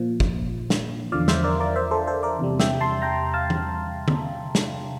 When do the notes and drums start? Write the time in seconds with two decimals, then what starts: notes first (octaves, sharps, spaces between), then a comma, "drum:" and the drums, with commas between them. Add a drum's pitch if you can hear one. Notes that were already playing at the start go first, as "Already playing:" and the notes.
Already playing: A#2 F3
0.20 drum: kick
0.70 drum: snare
1.12 E2 D3 F3 D5 F5
1.28 C5 E5, drum: snare
1.44 A#4 D5
1.60 A#4 D5
1.76 C5 E5
1.91 A4 C5
2.07 A4 C5
2.23 A#4 D5
2.39 E2 C3 G3
2.60 E5 G5, drum: snare
2.81 A5 C6
3.02 G5 A#5
3.34 F5 A5
3.50 drum: tom E3
4.08 drum: tom D3
4.55 drum: snare